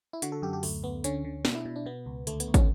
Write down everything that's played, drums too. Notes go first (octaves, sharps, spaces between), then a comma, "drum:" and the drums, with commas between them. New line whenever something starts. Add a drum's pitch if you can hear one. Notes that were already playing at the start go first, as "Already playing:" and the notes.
E4
D3 F#4, drum: hi-hat
A4
F#2 G4
G4
D2 A3, drum: open hi-hat
D2 B3
D3 C#4, drum: hi-hat
D3
B2 D4, drum: snare
E4
B2
D4
B2 B3
C#2
D2 A3, drum: hi-hat
B3, drum: hi-hat
D2
C#4, drum: kick, hi-hat